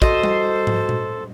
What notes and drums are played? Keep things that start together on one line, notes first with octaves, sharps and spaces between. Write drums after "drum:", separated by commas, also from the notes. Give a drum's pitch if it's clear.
F#4 A4 C5 D#5, drum: kick
drum: tom G3
drum: tom
drum: tom A#2